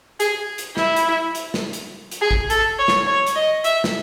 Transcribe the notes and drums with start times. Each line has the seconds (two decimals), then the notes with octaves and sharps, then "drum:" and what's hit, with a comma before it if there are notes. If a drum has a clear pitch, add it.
0.20 G#4, drum: hi-hat
0.58 drum: hi-hat
0.77 E4, drum: snare
0.96 drum: hi-hat
1.35 drum: hi-hat
1.54 drum: snare
1.73 drum: hi-hat
2.12 drum: hi-hat
2.21 G#4
2.31 drum: kick A1
2.50 A4, drum: hi-hat
2.79 C#5
2.88 drum: snare
3.07 C#5
3.27 drum: hi-hat
3.36 D#5
3.64 E5, drum: hi-hat
3.84 drum: snare